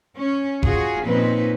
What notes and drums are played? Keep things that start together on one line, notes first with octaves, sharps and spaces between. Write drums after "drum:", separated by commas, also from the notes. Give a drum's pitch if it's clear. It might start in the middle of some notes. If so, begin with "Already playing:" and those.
C#4
F4 F#4 G#4, drum: kick F1
F2 A#2 C4 C#4 D#4 B4